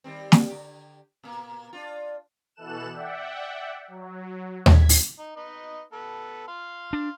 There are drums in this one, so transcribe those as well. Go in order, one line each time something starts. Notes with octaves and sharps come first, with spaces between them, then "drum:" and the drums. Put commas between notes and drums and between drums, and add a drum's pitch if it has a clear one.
D#3 G3 C4
drum: snare
D3 G4
A#2 A#3
D4 F4
B2 E3 A4 F#6 E7
D5 E5 F#5 G5
F#3
G#6 B6, drum: tom D#2
drum: open hi-hat
D#4
D#4 B4 D#5
B3 A4 B4
F5 C6
D4